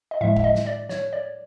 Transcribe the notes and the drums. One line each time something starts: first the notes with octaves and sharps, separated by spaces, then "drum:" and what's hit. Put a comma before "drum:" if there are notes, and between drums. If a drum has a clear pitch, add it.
D#5
A2 F3 G#3 E5
E5, drum: kick
D#5
drum: snare
D5
C#5, drum: snare
D5